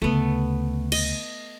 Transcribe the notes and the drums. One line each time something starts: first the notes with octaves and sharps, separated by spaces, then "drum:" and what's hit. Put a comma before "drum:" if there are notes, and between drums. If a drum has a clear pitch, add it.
D2 C#3 A3 B3
D#5, drum: cymbal